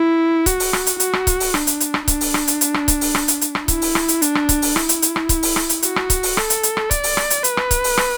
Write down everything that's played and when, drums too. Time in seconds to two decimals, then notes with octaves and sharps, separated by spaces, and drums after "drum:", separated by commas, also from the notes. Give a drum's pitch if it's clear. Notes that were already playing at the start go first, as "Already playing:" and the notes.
Already playing: E4
0.46 F#4, drum: kick C#1, hi-hat
0.60 drum: open hi-hat
0.73 drum: rim click
0.87 drum: hi-hat
1.00 F#4, drum: hi-hat
1.13 drum: rim click
1.27 drum: kick C#1, hi-hat
1.40 drum: open hi-hat
1.54 D4, drum: rim click
1.67 drum: hi-hat
1.80 drum: hi-hat
1.94 drum: rim click
2.08 D4, drum: kick C#1, hi-hat
2.21 drum: open hi-hat
2.34 drum: rim click
2.48 drum: hi-hat
2.61 drum: hi-hat
2.74 drum: rim click
2.88 drum: kick C#1, hi-hat
3.01 drum: open hi-hat
3.15 drum: rim click
3.28 drum: hi-hat
3.41 drum: hi-hat
3.55 drum: rim click
3.68 E4, drum: kick C#1, hi-hat
3.82 drum: open hi-hat
3.95 drum: rim click
4.08 drum: hi-hat
4.22 D4, drum: hi-hat
4.35 drum: rim click
4.49 drum: kick C#1, hi-hat
4.62 drum: open hi-hat
4.76 E4, drum: rim click
4.89 drum: hi-hat
5.02 drum: hi-hat
5.16 drum: rim click
5.29 drum: kick C#1, hi-hat
5.43 drum: open hi-hat
5.56 drum: rim click
5.69 drum: hi-hat
5.82 F#4, drum: hi-hat
5.96 drum: rim click
6.10 drum: kick C#1, hi-hat
6.23 drum: open hi-hat
6.37 A4, drum: rim click
6.50 drum: hi-hat
6.63 drum: hi-hat
6.77 drum: rim click
6.91 D5, drum: kick C#1, hi-hat
7.04 drum: open hi-hat
7.17 drum: rim click
7.30 drum: hi-hat
7.44 B4, drum: hi-hat
7.57 drum: rim click
7.71 drum: kick C#1, hi-hat
7.84 drum: open hi-hat
7.97 drum: rim click